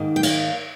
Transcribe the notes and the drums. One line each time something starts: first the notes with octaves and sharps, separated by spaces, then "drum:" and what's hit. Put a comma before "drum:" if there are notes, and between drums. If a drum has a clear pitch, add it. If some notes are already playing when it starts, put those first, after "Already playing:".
Already playing: G#2 D#3 A#3
G5
F5, drum: cymbal